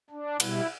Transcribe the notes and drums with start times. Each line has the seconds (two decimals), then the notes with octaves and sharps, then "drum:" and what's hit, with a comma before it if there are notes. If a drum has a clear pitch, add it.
0.10 D4
0.40 B2 G3 E4, drum: cymbal